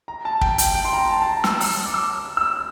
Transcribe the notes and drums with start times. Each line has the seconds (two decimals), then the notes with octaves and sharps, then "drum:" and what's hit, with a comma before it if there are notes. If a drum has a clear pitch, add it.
0.08 A#5
0.25 A5
0.41 G5, drum: kick
0.58 G5, drum: hi-hat
0.75 G5
0.85 C6
0.93 A#5
1.10 A5
1.22 A5
1.26 A#5
1.44 E6, drum: snare
1.60 E6, drum: open hi-hat
1.86 D6
1.94 E6
2.37 E6